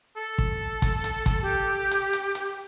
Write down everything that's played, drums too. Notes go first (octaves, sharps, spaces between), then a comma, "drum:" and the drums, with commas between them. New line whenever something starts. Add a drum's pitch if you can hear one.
A4
drum: kick
drum: kick, hi-hat
drum: hi-hat
drum: kick, hi-hat
G4
drum: hi-hat
drum: hi-hat
drum: hi-hat